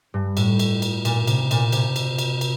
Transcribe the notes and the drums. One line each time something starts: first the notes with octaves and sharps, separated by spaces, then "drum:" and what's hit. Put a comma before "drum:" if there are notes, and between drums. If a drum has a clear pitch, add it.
G2
A2, drum: cymbal
drum: cymbal
drum: cymbal
A#2, drum: cymbal
C3, drum: cymbal
A#2, drum: cymbal
C3, drum: cymbal
drum: cymbal
drum: cymbal
drum: cymbal